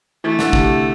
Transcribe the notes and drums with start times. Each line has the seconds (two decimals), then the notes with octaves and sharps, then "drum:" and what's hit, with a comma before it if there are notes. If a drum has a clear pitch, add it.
0.24 E3 A3
0.39 D3, drum: snare
0.53 C3, drum: kick